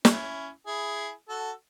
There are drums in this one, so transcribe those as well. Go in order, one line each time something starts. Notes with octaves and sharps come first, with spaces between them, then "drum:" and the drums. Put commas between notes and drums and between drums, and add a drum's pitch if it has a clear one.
C#4 E4, drum: snare
E4 G#4
F#4 A4